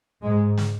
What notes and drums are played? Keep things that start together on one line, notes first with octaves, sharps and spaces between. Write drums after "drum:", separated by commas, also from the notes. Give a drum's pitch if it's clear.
G#2 G#3
drum: snare